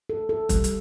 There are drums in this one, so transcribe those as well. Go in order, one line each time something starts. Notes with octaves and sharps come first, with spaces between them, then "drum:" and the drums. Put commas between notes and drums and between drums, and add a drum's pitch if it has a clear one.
A4
A4
G3, drum: kick, hi-hat
drum: hi-hat